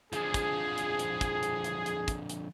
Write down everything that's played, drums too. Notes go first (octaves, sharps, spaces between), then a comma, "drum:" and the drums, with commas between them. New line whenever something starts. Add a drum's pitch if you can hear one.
D3 F3 G#4, drum: hi-hat
drum: kick, hi-hat
drum: hi-hat
drum: hi-hat
drum: kick, hi-hat
drum: hi-hat
drum: hi-hat
drum: hi-hat
drum: kick, hi-hat
drum: hi-hat